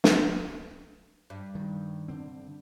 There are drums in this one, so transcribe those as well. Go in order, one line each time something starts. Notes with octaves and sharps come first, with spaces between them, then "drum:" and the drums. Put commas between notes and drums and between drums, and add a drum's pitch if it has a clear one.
drum: snare
G2
D#3
D3 C4